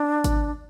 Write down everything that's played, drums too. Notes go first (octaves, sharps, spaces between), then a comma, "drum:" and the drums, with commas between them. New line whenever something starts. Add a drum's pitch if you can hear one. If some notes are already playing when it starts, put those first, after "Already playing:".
Already playing: D4
drum: kick G#1, hi-hat